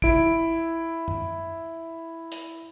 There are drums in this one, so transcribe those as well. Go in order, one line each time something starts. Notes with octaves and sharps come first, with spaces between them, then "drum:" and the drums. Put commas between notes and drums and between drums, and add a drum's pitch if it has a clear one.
E4 D7, drum: kick
drum: tom F#2
drum: hi-hat